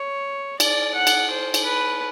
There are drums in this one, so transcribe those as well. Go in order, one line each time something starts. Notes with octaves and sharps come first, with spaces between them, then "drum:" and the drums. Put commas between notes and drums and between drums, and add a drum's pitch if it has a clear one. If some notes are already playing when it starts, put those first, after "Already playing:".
Already playing: C#5
D5, drum: cymbal
F#5
drum: cymbal
C5
drum: cymbal
B4